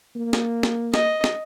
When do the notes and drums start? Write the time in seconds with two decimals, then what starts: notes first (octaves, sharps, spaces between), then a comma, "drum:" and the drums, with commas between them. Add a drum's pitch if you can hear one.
0.16 A#3
0.33 drum: snare
0.63 drum: snare
0.94 D#5, drum: snare
1.24 drum: snare